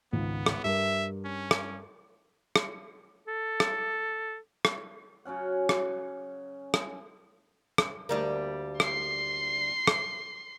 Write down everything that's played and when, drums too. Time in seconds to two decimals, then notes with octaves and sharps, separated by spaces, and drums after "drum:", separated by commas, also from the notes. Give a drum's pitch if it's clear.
0.12 G#1 C#2 B3
0.46 drum: rim click
0.64 G2 A#4 E5
1.25 C#4
1.51 drum: rim click
2.56 drum: rim click
3.28 A4
3.60 drum: rim click
4.65 drum: rim click
5.25 C#3 F#3 C#4 F#5
5.69 drum: rim click
6.74 drum: rim click
7.78 drum: rim click
8.09 D2 G3 A#3
8.80 C6 C7, drum: rim click
9.87 drum: rim click